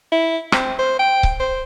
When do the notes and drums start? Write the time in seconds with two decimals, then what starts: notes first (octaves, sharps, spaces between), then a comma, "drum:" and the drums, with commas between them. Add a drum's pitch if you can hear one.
0.12 E4
0.52 C4, drum: rim click
0.79 C5
0.99 G5
1.23 drum: kick C#1
1.40 C5